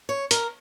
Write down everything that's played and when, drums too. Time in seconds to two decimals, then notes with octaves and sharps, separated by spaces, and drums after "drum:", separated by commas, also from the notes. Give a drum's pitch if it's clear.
0.09 C#5
0.31 A#4, drum: hi-hat